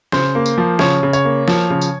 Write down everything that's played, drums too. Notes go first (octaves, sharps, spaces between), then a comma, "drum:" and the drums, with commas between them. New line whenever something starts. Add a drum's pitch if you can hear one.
C#3 C5, drum: snare
A#3
drum: tambourine
F3
C#3 C#5, drum: snare
C#3
C#5, drum: tambourine
A#3
F3, drum: snare
C#3
drum: tambourine